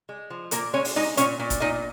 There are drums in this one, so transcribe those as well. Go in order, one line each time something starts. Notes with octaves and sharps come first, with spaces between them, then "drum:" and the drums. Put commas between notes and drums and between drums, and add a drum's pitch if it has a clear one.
G#3
F3
A#2 A#3 A#4, drum: hi-hat
G#3 C#4 C#5
drum: open hi-hat
G#3 D#4 D#5
A#2 C#4 C#5, drum: hi-hat
A#2
drum: kick G1, hi-hat
A#2 D#4 D#5